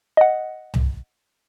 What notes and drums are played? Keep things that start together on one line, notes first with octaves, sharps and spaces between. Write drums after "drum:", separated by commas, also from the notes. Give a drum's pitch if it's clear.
D#5 F#5
drum: tom C2